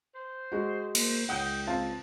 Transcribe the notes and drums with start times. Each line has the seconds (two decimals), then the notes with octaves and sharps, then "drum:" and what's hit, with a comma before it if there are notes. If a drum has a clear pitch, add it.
0.15 C5
0.52 G#3 F#4
0.95 A#3 C5, drum: cymbal
1.29 C#2 F#5 G5 D#6 G6
1.67 C4 F4 A5